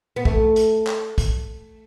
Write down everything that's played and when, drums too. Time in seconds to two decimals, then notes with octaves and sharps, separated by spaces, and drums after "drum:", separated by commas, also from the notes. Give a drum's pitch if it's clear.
0.16 B3
0.25 A3, drum: kick
0.56 drum: hi-hat
0.87 drum: clap
1.18 drum: kick, hi-hat